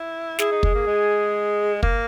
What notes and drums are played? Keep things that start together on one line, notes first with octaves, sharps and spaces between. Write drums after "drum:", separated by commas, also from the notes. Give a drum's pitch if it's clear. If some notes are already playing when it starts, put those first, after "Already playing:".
Already playing: E4
E4 G#4, drum: snare
D#4
G#3, drum: kick
A#3
G#3
A#3, drum: kick